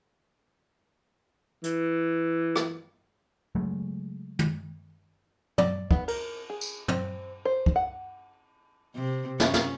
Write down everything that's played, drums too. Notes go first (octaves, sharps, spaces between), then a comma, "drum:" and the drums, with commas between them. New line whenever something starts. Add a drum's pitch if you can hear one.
E3, drum: hi-hat
drum: rim click
C#3 F#3 G#3 A3
drum: tom
D5, drum: tom
B3, drum: kick
A#4, drum: cymbal
G#4
drum: tambourine
C4, drum: tom
C5
drum: kick
F#5
C3
C#4, drum: snare
drum: snare